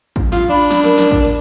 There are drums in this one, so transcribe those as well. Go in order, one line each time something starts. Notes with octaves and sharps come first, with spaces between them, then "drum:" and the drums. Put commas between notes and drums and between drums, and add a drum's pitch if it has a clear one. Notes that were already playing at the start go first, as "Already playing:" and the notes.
drum: kick A1
F4, drum: snare
D4 B5
drum: snare
A#4, drum: snare
drum: snare
drum: kick A1
drum: open hi-hat